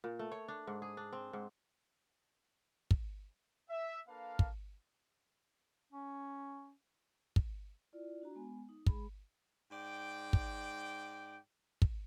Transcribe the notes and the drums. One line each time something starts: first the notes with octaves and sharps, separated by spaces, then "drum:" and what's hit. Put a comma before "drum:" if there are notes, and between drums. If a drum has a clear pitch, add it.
A#2
A3
C#5
D4
G#2
G#4
D4
C4
G#2
drum: kick
E5
A#3 D4 A4 B4 F5
drum: kick
C#4
drum: kick
E4 F4 D5
D4 F#4 A#5
G#3 B3 G#5
D#4
G#3 G#4 B5, drum: kick
G#2 D5 G5
drum: kick
drum: kick